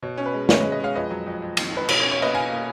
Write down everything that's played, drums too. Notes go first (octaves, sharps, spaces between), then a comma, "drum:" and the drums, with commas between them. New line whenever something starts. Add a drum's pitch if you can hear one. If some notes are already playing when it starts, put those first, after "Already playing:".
B2 C#5
C#4
B4
G#3
C#4 C#5, drum: snare
B4 D#5
G#3
B4 D#5
G#3 C#5 F5
F2 B4 D#5
F#3
F2
F2
D#3, drum: cymbal
F2 B4
B2 C#5, drum: cymbal
C#5
C#4
C#5
A#3 B4 D#5
B2 F5 G#5
A#3